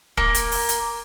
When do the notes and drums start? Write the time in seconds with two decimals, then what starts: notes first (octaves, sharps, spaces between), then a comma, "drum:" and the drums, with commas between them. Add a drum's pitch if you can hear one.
0.17 A#3, drum: kick
0.35 drum: hi-hat
0.52 drum: open hi-hat
0.69 drum: hi-hat